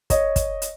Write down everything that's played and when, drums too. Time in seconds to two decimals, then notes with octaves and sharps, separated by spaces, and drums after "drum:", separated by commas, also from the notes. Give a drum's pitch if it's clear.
0.10 C#5 D#5, drum: kick, hi-hat
0.36 drum: kick, hi-hat
0.62 drum: hi-hat